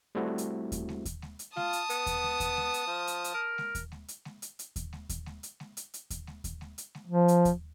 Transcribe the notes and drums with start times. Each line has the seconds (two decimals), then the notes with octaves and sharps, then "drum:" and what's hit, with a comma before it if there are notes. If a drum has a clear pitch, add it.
0.15 G3 A3 C4 E4 F#4
0.38 drum: hi-hat
0.72 drum: kick D#2, hi-hat
0.89 drum: snare G#3
1.05 drum: kick D#2, hi-hat
1.22 drum: snare G#3
1.39 drum: hi-hat
1.56 F4 A5 D#6, drum: snare G#3
1.73 drum: hi-hat
1.90 B3, drum: hi-hat
2.06 drum: kick D#2, hi-hat
2.23 drum: snare G#3
2.40 drum: kick D#2, hi-hat
2.57 drum: snare G#3
2.74 drum: hi-hat
2.87 F3
3.07 drum: hi-hat
3.24 drum: hi-hat
3.34 A#4
3.58 drum: snare G#3
3.75 drum: kick D#2, hi-hat
3.92 drum: snare G#3
4.08 drum: hi-hat
4.25 drum: snare G#3
4.42 drum: hi-hat
4.59 drum: hi-hat
4.76 drum: kick D#2, hi-hat
4.93 drum: snare G#3
5.09 drum: kick D#2, hi-hat
5.26 drum: snare G#3
5.43 drum: hi-hat
5.60 drum: snare G#3
5.77 drum: hi-hat
5.94 drum: hi-hat
6.10 drum: kick D#2, hi-hat
6.27 drum: snare G#3
6.44 drum: kick D#2, hi-hat
6.61 drum: snare G#3
6.78 drum: hi-hat
6.95 drum: snare G#3
7.07 F3
7.28 drum: hi-hat
7.45 drum: kick D#2, hi-hat